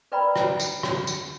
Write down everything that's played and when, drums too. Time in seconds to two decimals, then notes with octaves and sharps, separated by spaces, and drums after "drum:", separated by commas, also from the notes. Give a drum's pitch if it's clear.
0.12 A#4 B4 D5 G5 A#5 B5
0.36 drum: rim click
0.59 drum: tambourine
0.83 drum: rim click
1.07 drum: tambourine